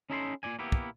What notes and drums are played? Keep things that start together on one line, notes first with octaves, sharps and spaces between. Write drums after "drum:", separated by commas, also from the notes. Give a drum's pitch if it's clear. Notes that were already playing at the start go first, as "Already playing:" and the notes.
C#4 D#4 E4 A4 A#5 C6
A#2 D#3 D5 G#5
A#3 B3 E4 G4
drum: kick